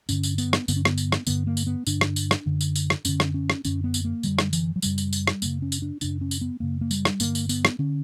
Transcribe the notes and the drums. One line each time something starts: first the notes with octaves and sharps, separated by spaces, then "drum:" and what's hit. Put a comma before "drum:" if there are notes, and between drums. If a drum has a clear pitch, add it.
G2 D3 C#4, drum: tambourine
drum: tambourine
B3, drum: tambourine
drum: rim click
G2 D3 B3, drum: tambourine
C#4
B3, drum: rim click
drum: tambourine
drum: rim click
G2 D3 B3, drum: tambourine
A#3
drum: tambourine
B3
G2 D3 D4, drum: tambourine
drum: rim click
drum: tambourine
drum: rim click
F#2 D3
drum: tambourine
drum: tambourine
drum: rim click
F#2 D3 C#4, drum: tambourine
drum: rim click
C#4
drum: rim click
F#2 D3 C#4, drum: tambourine
B3
drum: tambourine
A#3
F#2 D3 G3, drum: tambourine
drum: rim click
E3, drum: tambourine
F#3
F#2 C#3 G3, drum: tambourine
drum: tambourine
drum: tambourine
drum: rim click
F#2 C#3 A#3, drum: tambourine
C#4
drum: tambourine
D4
F#2 C#3 D4, drum: tambourine
C#4
drum: tambourine
B3
F#2 C#3 A#3
A#3
G3, drum: tambourine
drum: rim click
G2 D3 A#3, drum: tambourine
drum: tambourine
B3, drum: tambourine
drum: rim click
D3 C#4